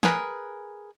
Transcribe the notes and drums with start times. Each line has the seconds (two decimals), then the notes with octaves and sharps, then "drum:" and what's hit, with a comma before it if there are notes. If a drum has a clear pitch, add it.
0.03 G#4 A#4 B4, drum: snare